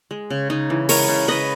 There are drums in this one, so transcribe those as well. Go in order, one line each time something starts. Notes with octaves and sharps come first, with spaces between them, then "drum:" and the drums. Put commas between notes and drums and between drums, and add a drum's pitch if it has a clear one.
G#3
C#3
C#3 D#4
E3
G#3 A#4 C#5, drum: open hi-hat
C#3
C#3 B4 D#5